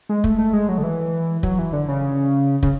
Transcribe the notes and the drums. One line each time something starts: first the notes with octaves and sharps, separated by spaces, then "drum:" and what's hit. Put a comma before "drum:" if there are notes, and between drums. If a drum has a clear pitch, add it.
G#3
A3, drum: kick
A3
G#3
F#3
D3
E3
F#3, drum: kick
E3
D3
C#3
C#3, drum: kick